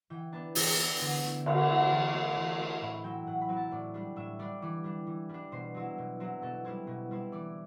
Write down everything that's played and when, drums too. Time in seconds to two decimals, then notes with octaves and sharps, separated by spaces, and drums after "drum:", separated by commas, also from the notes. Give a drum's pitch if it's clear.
0.10 E3 G5
0.32 B3 D4 A5
0.55 E3 G5, drum: open hi-hat
0.78 B3 D4
1.00 D3
1.23 A3 E4
1.46 D3 F#5, drum: cymbal
1.57 E5
1.69 A3 E4 F#5
1.80 G5
1.91 E3 A5
2.13 A3 C4 E4
2.36 E3
2.59 A3 C4 E4
2.81 A2 B5
3.04 F#3 C4 E4 G5
3.26 A2 F#5
3.41 B5
3.49 F#3 C4 E4
3.57 A5
3.71 A2 D5
3.94 G3 D4
4.16 A2 E5
4.39 G3 D4 D5
4.62 E3 D5
4.84 G3 D4
5.07 E3
5.29 G3 D4
5.52 B2 C5
5.74 F#3 C4 E4
5.98 B2
6.20 F#3 C4 E4
6.42 B2 A4
6.65 G3 C4 E4
6.87 B2
7.11 G3 C4 E4
7.32 E3 D5